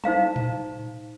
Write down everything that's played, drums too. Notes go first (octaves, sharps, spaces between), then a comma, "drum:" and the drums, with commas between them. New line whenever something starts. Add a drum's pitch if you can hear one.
D#4 C5 F5 A#5, drum: tom F#3
drum: tom A2